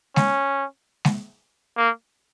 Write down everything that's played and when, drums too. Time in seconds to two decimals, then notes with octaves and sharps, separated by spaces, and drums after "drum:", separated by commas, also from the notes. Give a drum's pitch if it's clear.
0.16 C#4, drum: snare G#3
1.05 drum: snare G#3
1.77 A#3